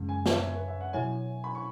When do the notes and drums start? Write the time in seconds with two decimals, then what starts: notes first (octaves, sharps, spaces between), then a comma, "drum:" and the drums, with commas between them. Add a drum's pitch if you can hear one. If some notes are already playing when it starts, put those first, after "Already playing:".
Already playing: F#2 C#3 G#3
0.09 G#5
0.26 E5, drum: snare
0.42 C#5
0.55 B4
0.68 E5
0.81 F#5
0.93 B2 F#3 E4 C#5 G#5
1.44 B5
1.55 C#6